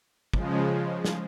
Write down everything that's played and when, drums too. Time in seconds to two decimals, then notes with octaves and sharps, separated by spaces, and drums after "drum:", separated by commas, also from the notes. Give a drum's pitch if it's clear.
0.34 C#3 F3 G#3, drum: kick
1.05 drum: snare